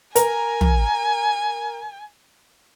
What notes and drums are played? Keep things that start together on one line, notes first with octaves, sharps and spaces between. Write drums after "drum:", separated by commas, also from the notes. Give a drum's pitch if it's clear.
A#4 G#5, drum: hi-hat
drum: tom